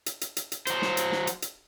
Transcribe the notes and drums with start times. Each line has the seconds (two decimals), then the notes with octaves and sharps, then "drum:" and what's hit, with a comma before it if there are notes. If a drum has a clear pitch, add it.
0.06 drum: hi-hat
0.21 drum: hi-hat
0.37 drum: hi-hat
0.52 drum: hi-hat
0.67 F#3 C5, drum: hi-hat
0.82 drum: snare
0.97 drum: hi-hat
1.12 drum: snare
1.27 drum: hi-hat
1.42 drum: hi-hat